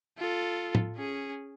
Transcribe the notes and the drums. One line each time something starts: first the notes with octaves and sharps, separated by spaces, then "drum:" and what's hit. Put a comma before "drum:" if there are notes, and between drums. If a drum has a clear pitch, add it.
F4 A4
drum: tom A2
C#4 G#4